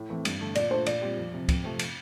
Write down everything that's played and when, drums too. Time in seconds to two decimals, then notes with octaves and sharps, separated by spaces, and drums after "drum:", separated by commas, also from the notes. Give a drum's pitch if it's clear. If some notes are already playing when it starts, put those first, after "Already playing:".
Already playing: A2
0.10 E3 A3 C4 E4
0.25 G2, drum: cymbal
0.41 D3 A3
0.55 A#2 D5, drum: cymbal
0.71 A3 D4 F4 C5
0.86 A#2 D5, drum: cymbal
1.01 G3 C4 F4
1.17 F2
1.33 C3 F3
1.49 F2, drum: kick, cymbal
1.64 C3 F3 A3 C4
1.79 drum: cymbal